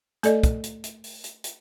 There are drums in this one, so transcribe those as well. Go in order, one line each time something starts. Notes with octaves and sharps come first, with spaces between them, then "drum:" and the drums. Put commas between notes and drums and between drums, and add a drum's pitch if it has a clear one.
A3 A4 D5 D#5, drum: hi-hat
drum: kick, hi-hat
drum: hi-hat
drum: hi-hat
drum: open hi-hat
drum: hi-hat
drum: hi-hat